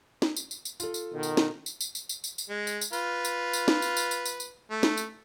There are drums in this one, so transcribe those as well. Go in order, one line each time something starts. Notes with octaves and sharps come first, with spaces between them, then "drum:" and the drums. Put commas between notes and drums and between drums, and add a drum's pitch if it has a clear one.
drum: snare
drum: tambourine
drum: tambourine
drum: tambourine
F4 A4, drum: tambourine
drum: tambourine
B2 D#3
drum: tambourine
drum: snare
drum: tambourine
drum: tambourine
drum: tambourine
drum: tambourine
drum: tambourine
drum: tambourine
G#3
drum: tambourine
drum: tambourine
F4 B4, drum: tambourine
drum: tambourine
drum: tambourine
drum: snare
drum: tambourine
drum: tambourine
drum: tambourine
drum: tambourine
drum: tambourine
A3
drum: snare
drum: tambourine